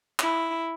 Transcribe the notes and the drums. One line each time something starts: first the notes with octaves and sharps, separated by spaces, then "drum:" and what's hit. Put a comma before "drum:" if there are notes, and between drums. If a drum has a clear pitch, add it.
E4, drum: clap